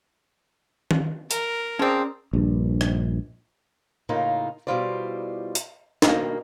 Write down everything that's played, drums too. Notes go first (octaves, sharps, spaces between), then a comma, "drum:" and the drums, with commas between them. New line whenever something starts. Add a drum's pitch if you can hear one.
drum: tom D#3
A#4, drum: hi-hat
F3 C4 C#4 G#4 D5
A#1 G2
drum: rim click
A2 C#3 A#3 D#4 F4
B2 G3 E4 F4 C5 D5
drum: hi-hat
B2 D#3 G3 A#3, drum: snare